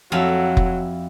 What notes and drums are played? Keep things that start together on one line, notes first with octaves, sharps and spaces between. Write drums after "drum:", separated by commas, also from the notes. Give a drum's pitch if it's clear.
F2 F#3 E4 F5
drum: kick F1